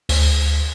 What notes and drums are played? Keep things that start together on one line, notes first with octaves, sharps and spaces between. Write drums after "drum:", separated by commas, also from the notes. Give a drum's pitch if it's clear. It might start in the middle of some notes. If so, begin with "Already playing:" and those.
D2, drum: open hi-hat